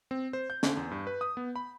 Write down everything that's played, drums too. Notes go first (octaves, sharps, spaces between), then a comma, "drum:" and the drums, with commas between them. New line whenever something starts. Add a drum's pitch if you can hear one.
C4
C5
G6
D3, drum: snare
E2
G2
B4
D#6
B3
B5